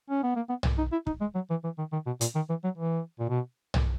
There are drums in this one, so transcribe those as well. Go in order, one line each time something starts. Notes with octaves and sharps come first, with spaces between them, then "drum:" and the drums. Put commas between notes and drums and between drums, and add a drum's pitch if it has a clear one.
C#4
B3
A#3
B3
drum: tom B1
D#4
E4
D#4, drum: kick
G#3
F#3
E3
E3
D#3
D#3
B2
A#2, drum: hi-hat
D#3
E3
F#3
E3
A#2
B2
drum: tom B1